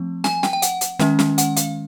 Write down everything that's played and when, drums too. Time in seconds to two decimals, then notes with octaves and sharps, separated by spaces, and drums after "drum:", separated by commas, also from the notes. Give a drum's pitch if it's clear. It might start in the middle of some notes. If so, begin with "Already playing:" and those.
Already playing: F3 A3 C4
0.24 G#5, drum: snare
0.43 G5, drum: snare
0.53 G5
0.62 F#5, drum: hi-hat
0.81 drum: hi-hat
0.99 D#3 G#3 C#4, drum: snare
1.19 drum: snare
1.38 F#5, drum: hi-hat
1.56 F5, drum: hi-hat